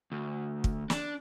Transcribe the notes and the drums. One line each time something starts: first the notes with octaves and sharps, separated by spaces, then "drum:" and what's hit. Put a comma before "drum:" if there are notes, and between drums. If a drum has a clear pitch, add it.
D2
drum: kick
D4, drum: snare